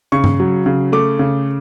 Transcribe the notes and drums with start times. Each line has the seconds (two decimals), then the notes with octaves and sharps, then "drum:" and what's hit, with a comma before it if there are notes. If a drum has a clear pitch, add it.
0.12 C#3 C#6
0.24 drum: tom G2
0.40 F#3
0.66 C#3
0.92 A3 D6
1.19 C#3